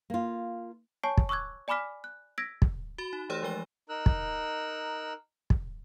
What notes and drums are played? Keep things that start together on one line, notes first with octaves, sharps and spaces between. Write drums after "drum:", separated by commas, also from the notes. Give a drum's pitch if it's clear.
A#3 F4
C#5 G#5 A5 C#6 C7
drum: kick
C#6 D6 E6 F#6 G#6
D5 G#5 B5 D6 F6 B6
F#6
E6 G#6 A#6 B6 D7
drum: kick
F#4 B5
D#4
E3 A3 G4 C5 C#5 E6
F3 G#3 G5 G7
D#4 A#4 E6 F#6
drum: kick
drum: kick